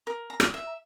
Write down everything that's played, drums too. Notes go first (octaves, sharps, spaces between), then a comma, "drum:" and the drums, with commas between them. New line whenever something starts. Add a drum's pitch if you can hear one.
A#4
A#5
drum: rim click
E5